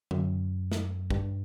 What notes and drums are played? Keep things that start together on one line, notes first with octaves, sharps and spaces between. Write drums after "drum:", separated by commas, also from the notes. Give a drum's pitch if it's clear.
F#2, drum: tom D3
drum: snare
G2, drum: kick